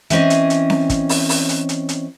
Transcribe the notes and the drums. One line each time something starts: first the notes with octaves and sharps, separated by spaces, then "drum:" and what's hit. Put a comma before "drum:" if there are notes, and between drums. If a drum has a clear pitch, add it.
E3 C4 C#4 D#5, drum: hi-hat
drum: hi-hat
drum: hi-hat
drum: snare C4
drum: kick, hi-hat
drum: open hi-hat
drum: open hi-hat
drum: hi-hat
drum: hi-hat
drum: hi-hat